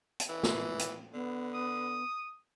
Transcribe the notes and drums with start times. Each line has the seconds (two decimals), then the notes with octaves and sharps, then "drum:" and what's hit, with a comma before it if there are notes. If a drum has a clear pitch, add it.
0.20 drum: hi-hat
0.29 E3
0.43 drum: snare
0.79 drum: hi-hat
1.14 D3 B3
1.54 D#6